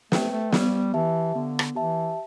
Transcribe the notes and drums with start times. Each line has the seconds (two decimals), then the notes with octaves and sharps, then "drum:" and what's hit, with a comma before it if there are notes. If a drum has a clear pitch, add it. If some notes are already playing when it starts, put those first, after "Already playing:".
0.12 A3 B4 G5, drum: snare
0.32 A3
0.52 G3 B3, drum: snare
0.94 E3 G4 E5 A5
1.35 D3 B3
1.59 drum: rim click
1.75 E3 G4 E5 A5